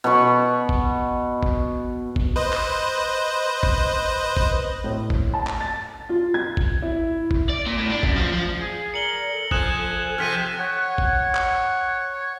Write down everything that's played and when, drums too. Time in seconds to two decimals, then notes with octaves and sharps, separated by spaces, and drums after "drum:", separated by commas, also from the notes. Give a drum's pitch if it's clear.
0.04 B2 B5 C#6
0.69 drum: kick
1.43 drum: kick
2.16 drum: kick
2.36 B4 C5 D#5
2.53 drum: clap
3.63 drum: kick
4.37 drum: kick
4.84 A2
5.10 drum: kick
5.34 A5
5.47 drum: clap
5.60 A6
6.09 F4
6.34 G#6
6.57 drum: kick
6.82 E4
7.31 drum: kick
7.49 D5
7.66 A#2
7.78 A2
7.90 D4
8.03 F#2, drum: kick
8.17 F3
8.33 F3
8.60 G#4
8.94 A#4 D5 C#7 F#7 G7
9.32 A4
9.51 F3 G#5 D#6 F#6 E7, drum: kick
10.18 C3 F3 G5 F6 B6 D#7
10.59 C#5 F#5
10.98 drum: kick
11.35 drum: clap